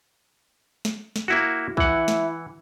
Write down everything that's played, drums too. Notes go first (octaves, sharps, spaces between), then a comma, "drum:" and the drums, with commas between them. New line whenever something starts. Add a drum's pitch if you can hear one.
drum: snare
drum: snare
A#3 E4 F#4
E3 E4 F#5, drum: kick
drum: snare